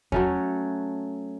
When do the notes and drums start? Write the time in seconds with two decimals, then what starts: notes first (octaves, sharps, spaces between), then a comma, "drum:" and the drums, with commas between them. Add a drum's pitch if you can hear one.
0.12 F#3 A3 C#4, drum: kick E2